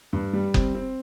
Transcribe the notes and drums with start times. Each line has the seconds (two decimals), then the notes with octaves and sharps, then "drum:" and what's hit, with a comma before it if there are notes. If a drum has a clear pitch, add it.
0.13 G2
0.33 G3
0.54 C4, drum: kick F#1
0.75 C4